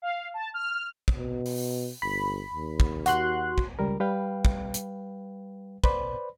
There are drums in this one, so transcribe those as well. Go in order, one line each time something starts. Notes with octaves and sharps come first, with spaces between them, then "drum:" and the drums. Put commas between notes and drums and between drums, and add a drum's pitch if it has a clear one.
F5
A5
F6
drum: kick
B2
drum: open hi-hat
G1 B5
D#2
drum: kick
F#4 C6 F#6, drum: hi-hat
drum: kick
C#2 G3 A#4
G3 B4 F5 G5
drum: kick
drum: hi-hat
B4 C5 D5 B5, drum: kick